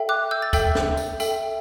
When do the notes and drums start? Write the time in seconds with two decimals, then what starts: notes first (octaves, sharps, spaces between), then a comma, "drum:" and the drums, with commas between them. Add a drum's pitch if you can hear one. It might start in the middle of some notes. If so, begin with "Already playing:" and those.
Already playing: A4 E5 G5
0.09 D6 F#6
0.31 E6 G6
0.42 A6
0.53 A4 E5 G5 E6 G6, drum: kick, tambourine
0.75 drum: snare
0.97 drum: tambourine
1.20 A4 E5 G5, drum: tambourine